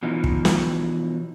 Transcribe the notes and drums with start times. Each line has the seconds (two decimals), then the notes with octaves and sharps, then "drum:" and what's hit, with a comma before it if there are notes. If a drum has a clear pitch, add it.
0.03 B2 E3 F3 D#4
0.24 drum: kick
0.45 drum: snare